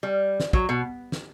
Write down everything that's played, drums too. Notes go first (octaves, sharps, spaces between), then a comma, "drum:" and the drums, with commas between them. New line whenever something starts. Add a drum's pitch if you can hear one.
G3
drum: snare
F#3, drum: kick
B2
drum: snare